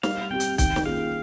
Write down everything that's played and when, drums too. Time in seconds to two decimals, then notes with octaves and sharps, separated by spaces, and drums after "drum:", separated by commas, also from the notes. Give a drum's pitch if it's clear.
0.03 G3 F5, drum: snare
0.31 C4 G4 G5
0.40 drum: hi-hat
0.58 D#3 G5, drum: kick, hi-hat
0.76 drum: snare
0.86 A#3 C#4 F4 G#4 F5